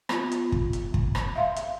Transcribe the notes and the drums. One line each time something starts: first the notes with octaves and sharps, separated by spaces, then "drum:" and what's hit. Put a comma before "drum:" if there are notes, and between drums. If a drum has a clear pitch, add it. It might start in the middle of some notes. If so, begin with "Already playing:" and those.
B3 F4, drum: rim click
drum: hi-hat
drum: kick
drum: hi-hat
drum: kick
drum: rim click
E5 F5 C6
drum: hi-hat